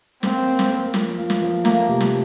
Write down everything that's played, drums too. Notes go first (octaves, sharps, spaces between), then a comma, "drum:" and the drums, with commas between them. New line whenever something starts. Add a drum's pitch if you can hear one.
A#3 C4, drum: snare
A#3
drum: snare
A#4
F3, drum: snare
F4
drum: snare
F3
A3 A#3, drum: snare
C3
drum: snare